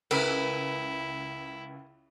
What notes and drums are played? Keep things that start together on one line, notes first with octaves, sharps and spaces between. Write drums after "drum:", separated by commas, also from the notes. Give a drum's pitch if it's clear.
C#2 E4 A#4 B4, drum: cymbal